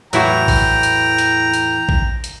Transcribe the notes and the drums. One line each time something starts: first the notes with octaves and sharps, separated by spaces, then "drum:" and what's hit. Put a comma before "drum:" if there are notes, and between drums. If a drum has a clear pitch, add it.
E2 A2 E3 F#3 E4 F#4 G5 A#5, drum: hi-hat
drum: kick A#1, open hi-hat
drum: hi-hat
drum: hi-hat
drum: hi-hat
drum: kick A#1
drum: hi-hat